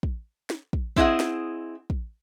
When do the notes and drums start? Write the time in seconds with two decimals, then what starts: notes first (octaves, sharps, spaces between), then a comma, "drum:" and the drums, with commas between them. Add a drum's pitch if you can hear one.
0.03 drum: kick
0.50 drum: snare
0.73 drum: kick
0.96 C4 E4 G#4 D#5 F#5, drum: kick
1.20 drum: snare
1.90 drum: kick